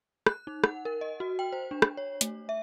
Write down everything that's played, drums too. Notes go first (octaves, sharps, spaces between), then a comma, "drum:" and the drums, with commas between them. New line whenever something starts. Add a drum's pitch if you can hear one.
F#6, drum: rim click
D#4
F#5, drum: rim click
A#4
D#5
F#4
G5
C5
D4
drum: rim click
C#5
A3, drum: hi-hat
E5